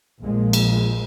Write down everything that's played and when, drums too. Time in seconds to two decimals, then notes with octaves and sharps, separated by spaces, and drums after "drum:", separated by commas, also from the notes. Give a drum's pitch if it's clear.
0.19 A#1 A#2 F3 G#3 A#3
0.53 drum: cymbal